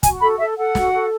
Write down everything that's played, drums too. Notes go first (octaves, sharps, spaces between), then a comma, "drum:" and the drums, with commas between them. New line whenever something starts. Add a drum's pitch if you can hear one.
F#4 G#5, drum: kick, hi-hat
A4 B5
A4 E5
A4 F#5
F#4, drum: snare
A4